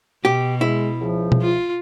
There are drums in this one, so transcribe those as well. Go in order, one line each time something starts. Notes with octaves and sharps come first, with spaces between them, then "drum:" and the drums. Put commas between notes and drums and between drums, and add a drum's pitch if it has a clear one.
B2 G4
G#3 E4
C#2 F3
drum: tom B2
F4